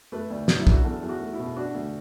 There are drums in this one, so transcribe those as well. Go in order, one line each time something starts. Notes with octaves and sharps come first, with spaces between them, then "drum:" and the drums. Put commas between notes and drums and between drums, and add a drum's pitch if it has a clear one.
A3 B4
D2
F#3, drum: snare
E4
D3 F#4, drum: kick
E2 A4
E2
F#4
A3
E4
B2
D4 F#4
D2